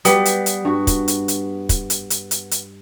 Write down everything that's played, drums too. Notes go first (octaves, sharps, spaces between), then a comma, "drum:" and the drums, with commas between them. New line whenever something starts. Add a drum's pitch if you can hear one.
G3 B3 G4, drum: hi-hat
drum: hi-hat
drum: hi-hat
G2 F#4
drum: kick, hi-hat
drum: hi-hat
drum: hi-hat
drum: kick, hi-hat
drum: hi-hat
drum: hi-hat
drum: hi-hat
drum: hi-hat